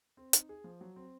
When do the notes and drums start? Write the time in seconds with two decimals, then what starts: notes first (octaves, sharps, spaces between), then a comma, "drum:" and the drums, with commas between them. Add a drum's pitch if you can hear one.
0.17 C4
0.33 D#4, drum: hi-hat
0.49 G#4
0.64 F3
0.81 F#3
0.96 C4